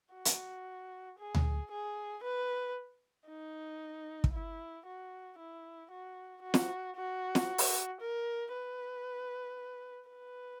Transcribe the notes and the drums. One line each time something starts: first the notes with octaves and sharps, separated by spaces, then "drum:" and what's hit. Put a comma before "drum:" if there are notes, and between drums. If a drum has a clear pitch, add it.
F#4
drum: hi-hat
G#4
drum: tom D2
G#4
B4
D#4
drum: kick
E4
F#4
E4
F#4
F#4
drum: snare
F#4
drum: snare
drum: open hi-hat
A#4
B4
B4